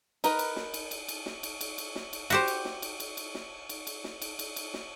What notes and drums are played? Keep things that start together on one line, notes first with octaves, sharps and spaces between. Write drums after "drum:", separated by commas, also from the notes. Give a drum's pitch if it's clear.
D#4 A#4 B4, drum: cymbal
drum: cymbal
drum: snare
drum: cymbal
drum: cymbal
drum: cymbal
drum: snare
drum: cymbal
drum: cymbal
drum: cymbal
drum: snare
drum: cymbal
F#4 G4 C5, drum: cymbal
drum: cymbal
drum: snare
drum: cymbal
drum: cymbal
drum: cymbal
drum: snare
drum: cymbal
drum: cymbal
drum: snare
drum: cymbal
drum: cymbal
drum: cymbal
drum: snare